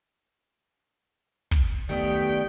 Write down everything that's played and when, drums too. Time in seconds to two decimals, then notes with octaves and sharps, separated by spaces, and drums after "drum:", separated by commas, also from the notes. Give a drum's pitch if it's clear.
1.51 drum: kick
1.89 D#3 A3 B3 G4 D5 G5